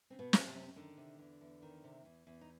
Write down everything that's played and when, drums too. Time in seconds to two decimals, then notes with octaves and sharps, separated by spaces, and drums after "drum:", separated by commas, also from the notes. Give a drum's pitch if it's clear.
0.10 C#3 C4
0.19 B2 B3
0.33 F#2, drum: snare
0.48 C3 C4
0.55 F#2
0.76 D3 D#3 D4
0.97 C3
1.19 E2
1.41 E2
1.62 D#3
1.84 C3
2.05 E2
2.27 E2
2.41 D#4